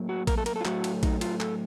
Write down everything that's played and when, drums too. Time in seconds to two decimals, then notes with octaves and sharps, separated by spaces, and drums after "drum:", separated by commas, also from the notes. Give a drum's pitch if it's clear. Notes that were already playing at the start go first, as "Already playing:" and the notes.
Already playing: A2 F#3 A#3
0.09 F#4
0.27 A#4, drum: kick A#1, cymbal
0.37 A4
0.46 A#4, drum: cymbal
0.56 A4
0.61 F4
0.65 A2 F#3 A3 F#4, drum: clap
0.84 drum: cymbal
1.03 D#4, drum: kick A#1, cymbal
1.21 F4, drum: cymbal
1.40 A4, drum: clap